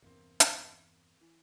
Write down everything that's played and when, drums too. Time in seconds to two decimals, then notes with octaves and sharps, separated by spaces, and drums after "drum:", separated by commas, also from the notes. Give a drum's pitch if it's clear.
0.02 E2 G2 C3 A#3 C4
0.40 drum: hi-hat
1.21 E3